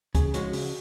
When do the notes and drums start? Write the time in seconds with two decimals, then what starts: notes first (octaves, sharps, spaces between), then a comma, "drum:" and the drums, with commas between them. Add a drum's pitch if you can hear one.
0.15 C#3 G#4, drum: kick, hi-hat
0.34 F3 G#3 C#4 F#4, drum: hi-hat
0.53 C#3, drum: open hi-hat